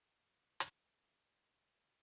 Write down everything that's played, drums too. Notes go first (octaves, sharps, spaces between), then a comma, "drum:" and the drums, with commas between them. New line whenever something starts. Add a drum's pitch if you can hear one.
F#1 G#3
drum: hi-hat